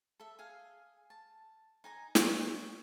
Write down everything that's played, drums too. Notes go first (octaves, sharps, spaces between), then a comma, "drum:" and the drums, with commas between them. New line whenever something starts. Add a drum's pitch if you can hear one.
A4 E5
G#4 F5 G#5
A5
D#4 G#5 A#5
C#5, drum: snare